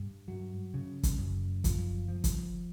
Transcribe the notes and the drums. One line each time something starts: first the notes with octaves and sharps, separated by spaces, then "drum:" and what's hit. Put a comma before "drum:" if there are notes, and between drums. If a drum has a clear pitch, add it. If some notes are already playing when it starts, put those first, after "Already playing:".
Already playing: G2
F#3
C#3
drum: kick, hi-hat
F#2
F3, drum: kick, hi-hat
F3
drum: kick, hi-hat